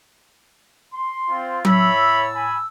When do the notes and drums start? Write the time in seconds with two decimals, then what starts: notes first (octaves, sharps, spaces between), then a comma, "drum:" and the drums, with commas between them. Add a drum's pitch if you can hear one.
0.92 C6
1.29 C4 F4
1.65 A2 C#5 E5 A5 B5 E6, drum: tom F#3
2.33 G#5 B5